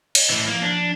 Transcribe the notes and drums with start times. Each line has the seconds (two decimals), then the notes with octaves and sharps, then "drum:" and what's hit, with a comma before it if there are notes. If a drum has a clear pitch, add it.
0.15 C#5 D#5, drum: cymbal
0.30 A2 E3
0.48 F3 A#3
0.62 D4